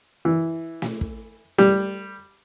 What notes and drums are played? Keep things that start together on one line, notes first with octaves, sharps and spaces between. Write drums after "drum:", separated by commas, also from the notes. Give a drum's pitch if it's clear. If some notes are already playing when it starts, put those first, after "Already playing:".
E3
drum: snare
drum: kick
G3, drum: snare